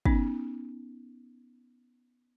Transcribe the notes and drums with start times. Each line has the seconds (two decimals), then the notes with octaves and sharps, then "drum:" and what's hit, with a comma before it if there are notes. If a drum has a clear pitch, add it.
0.06 B3 C#4 D#4, drum: kick